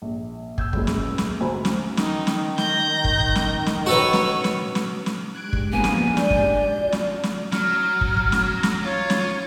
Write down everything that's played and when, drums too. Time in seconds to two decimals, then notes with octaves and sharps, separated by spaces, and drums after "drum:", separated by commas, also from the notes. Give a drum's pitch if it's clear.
0.02 A#1
0.58 E6 G6 G#6, drum: kick
0.73 C#2 F#2 A#2 C#3, drum: kick
0.87 drum: snare
1.18 drum: snare
1.41 D2 F#3 C5 G#5 A#5 B5
1.65 drum: snare
1.97 D#3 D#4, drum: snare
2.27 drum: snare
2.58 G6 A#6, drum: snare
3.04 drum: kick
3.20 drum: kick
3.35 drum: snare
3.66 drum: snare
3.86 F#4 A4 B4 C#5
4.13 drum: snare
4.44 drum: snare
4.75 drum: snare
5.06 drum: snare
5.34 G#3 D4 G4 F#6 G#6 D7
5.53 drum: kick
5.72 F3 A#3 B3 G#5
5.84 drum: snare
6.17 D5 G6, drum: snare
6.30 drum: kick
6.66 F4 F#4 A5
6.92 drum: snare
7.23 drum: snare
7.52 F#3 F6, drum: snare
8.01 drum: kick
8.17 drum: kick
8.32 drum: snare
8.63 drum: snare
8.85 F4 C#5
9.10 drum: snare